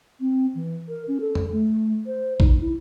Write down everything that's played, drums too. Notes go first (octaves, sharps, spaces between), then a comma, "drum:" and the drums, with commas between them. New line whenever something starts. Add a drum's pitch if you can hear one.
C4
E3
A#4
C#4
A4
drum: tom F2
A3
C5
D#4, drum: kick A#1
E4